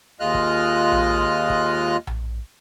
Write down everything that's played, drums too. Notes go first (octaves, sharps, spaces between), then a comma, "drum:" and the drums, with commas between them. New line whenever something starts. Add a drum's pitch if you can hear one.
D#2 G#3 F4 D#5 F6 F#6
drum: kick
drum: tom A#1
drum: kick
drum: tom A#1